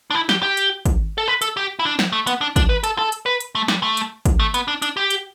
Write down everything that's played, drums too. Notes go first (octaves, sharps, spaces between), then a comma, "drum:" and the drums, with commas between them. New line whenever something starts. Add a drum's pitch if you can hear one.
D4
E4
G4, drum: snare
G4
drum: hi-hat
drum: kick, hi-hat
A4
B4
A4, drum: hi-hat
G4
E4
D4
drum: snare
A3
B3, drum: hi-hat
D4
D4, drum: kick, hi-hat
B4
A4, drum: hi-hat
A4
drum: hi-hat
B4
drum: hi-hat
A3
G3, drum: snare
A3
drum: hi-hat
drum: kick, hi-hat
A3
B3, drum: hi-hat
D4
D4, drum: hi-hat
G4
drum: hi-hat